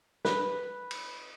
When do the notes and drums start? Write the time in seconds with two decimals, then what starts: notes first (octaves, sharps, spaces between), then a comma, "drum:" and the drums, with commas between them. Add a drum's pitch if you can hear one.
0.25 B4, drum: snare
0.91 drum: cymbal